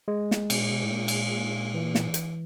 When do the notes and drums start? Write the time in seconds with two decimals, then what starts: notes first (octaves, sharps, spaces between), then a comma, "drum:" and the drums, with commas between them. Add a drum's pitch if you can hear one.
0.08 G#3
0.31 drum: snare
0.50 B2, drum: cymbal
0.60 A#2
0.71 B2
0.84 A2
0.91 A#2
1.08 drum: cymbal
1.74 E3
1.95 drum: snare
2.14 drum: hi-hat